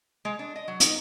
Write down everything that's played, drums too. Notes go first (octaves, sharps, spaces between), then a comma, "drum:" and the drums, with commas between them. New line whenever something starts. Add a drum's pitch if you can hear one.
G#3
D4
D#5
F#3
D#4, drum: hi-hat